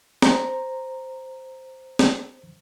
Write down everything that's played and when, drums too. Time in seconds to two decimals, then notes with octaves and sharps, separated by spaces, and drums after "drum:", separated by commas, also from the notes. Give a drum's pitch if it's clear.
0.22 C5 A#5, drum: snare
1.99 drum: snare